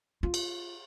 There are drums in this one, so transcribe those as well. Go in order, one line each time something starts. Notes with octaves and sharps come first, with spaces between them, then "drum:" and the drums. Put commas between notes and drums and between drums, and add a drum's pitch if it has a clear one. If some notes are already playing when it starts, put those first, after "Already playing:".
F4
drum: cymbal